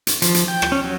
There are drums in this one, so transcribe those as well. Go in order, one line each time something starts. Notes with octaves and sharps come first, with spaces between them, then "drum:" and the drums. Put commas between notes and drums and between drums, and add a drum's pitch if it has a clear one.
drum: hi-hat
F3, drum: hi-hat
drum: hi-hat
G5
drum: rim click
C#4
F#3